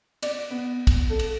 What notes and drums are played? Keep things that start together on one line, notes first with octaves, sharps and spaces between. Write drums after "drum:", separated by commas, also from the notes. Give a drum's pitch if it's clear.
D5, drum: cymbal
B3
drum: kick, cymbal
A4
drum: cymbal